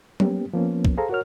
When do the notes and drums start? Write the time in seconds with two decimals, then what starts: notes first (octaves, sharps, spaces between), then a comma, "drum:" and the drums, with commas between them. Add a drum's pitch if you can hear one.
0.20 A#3 B3 C#4 G4, drum: tom F#3
0.53 F3 A#3 B3 C#4
0.85 drum: kick
0.98 G#4 A4 C5 F5 A#5
1.10 F#4 A#4 C#5 F6